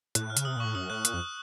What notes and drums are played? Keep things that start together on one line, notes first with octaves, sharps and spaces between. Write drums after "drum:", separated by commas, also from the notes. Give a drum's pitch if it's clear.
A2 F#6, drum: hi-hat
F6
C#3, drum: hi-hat
C3 D#6
A#2 C#6
A2
F#2 D#6
A2 F#6
A#2 F#6, drum: hi-hat
F2